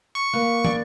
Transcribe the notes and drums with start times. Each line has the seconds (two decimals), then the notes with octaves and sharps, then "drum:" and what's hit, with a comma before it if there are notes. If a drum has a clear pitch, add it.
0.15 C#6
0.33 A#3 B4
0.65 D5, drum: tom